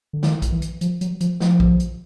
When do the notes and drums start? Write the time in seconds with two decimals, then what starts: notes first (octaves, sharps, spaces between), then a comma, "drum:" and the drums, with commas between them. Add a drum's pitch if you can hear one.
0.13 D3
0.23 D#3, drum: snare
0.42 drum: kick A#1, hi-hat
0.52 E3
0.62 drum: hi-hat
0.81 F3, drum: hi-hat
1.01 F#3, drum: hi-hat
1.21 F3, drum: hi-hat
1.40 F3, drum: snare
1.60 drum: kick A#1
1.80 drum: hi-hat